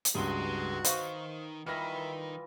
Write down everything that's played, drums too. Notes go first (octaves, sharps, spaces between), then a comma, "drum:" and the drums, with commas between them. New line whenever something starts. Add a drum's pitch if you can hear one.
drum: hi-hat
C#2 G2 D#4 F#4 G#4 B4 C6
D#3 C5 F5 C#6, drum: hi-hat
D#3 E3 G3 F4 E5 F6 A#6